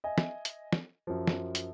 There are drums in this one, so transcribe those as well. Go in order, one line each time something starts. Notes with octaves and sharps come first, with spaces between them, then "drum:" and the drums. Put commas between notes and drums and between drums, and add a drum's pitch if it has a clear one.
D#5 E5 G#5
drum: snare
drum: hi-hat
drum: snare
F#2 F3
drum: snare
drum: hi-hat